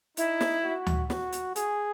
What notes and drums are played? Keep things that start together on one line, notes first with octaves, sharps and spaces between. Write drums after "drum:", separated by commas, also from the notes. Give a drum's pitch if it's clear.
D#4 E4, drum: hi-hat
drum: snare
F#4
drum: tom D2
F#4, drum: snare
drum: hi-hat
G#4, drum: hi-hat